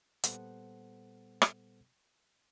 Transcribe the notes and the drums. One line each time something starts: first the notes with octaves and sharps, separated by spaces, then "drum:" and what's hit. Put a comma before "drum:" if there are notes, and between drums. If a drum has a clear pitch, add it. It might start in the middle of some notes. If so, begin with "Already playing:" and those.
A#2 G3 B3 A4 C5 F#5, drum: hi-hat
drum: rim click